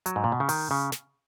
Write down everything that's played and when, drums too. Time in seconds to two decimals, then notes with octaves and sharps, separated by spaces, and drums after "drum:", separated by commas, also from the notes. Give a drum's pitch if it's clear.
0.06 F#3, drum: hi-hat
0.16 G#2
0.24 A#2
0.32 B2
0.40 C#3
0.49 D#3, drum: open hi-hat
0.71 C#3
0.92 drum: snare